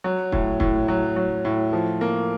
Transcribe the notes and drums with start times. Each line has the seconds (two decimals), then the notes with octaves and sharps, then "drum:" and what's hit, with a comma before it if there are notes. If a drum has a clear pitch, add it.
0.04 F#3
0.32 A2, drum: kick
0.60 A2, drum: kick
0.88 F#3
1.16 F#3
1.45 A2
1.73 F3
2.01 A#3